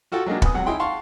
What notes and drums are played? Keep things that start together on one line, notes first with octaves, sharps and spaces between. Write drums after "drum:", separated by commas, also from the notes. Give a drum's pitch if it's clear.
F4 F#4 A4 G5 A5
F#3 G#3 A#3 D4
B3 G#5 D#6, drum: kick
C#2 C3 F#3 F#5
D#4 E4 G#4 G5 C6
F5 F#5 A5 C6 C#6